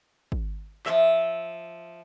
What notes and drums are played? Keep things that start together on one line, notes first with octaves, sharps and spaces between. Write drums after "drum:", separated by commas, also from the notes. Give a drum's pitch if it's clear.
drum: kick G#1
F3 E5, drum: clap